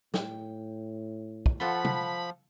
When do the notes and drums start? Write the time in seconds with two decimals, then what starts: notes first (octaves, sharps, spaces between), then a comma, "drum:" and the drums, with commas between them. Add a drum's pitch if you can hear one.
0.14 A2 G5, drum: snare
1.46 drum: kick
1.60 F3 F4 A4 F#5 B5
1.85 drum: tom